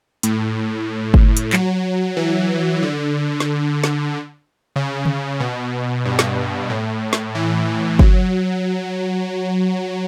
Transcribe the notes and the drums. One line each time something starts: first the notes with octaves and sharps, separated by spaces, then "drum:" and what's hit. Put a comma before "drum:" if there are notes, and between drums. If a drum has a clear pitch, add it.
A2, drum: hi-hat
drum: kick G1
drum: hi-hat
F#3, drum: clap
E3
D3
drum: snare
drum: snare
C#3
drum: tom
B2
G2
drum: snare
A2
drum: snare
E3
F#3, drum: kick G1